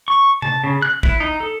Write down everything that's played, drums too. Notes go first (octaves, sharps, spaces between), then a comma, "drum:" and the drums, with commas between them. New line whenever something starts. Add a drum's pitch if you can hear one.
C#6
A5, drum: tom C3
C#3
F#6
E4, drum: kick
D#4
A4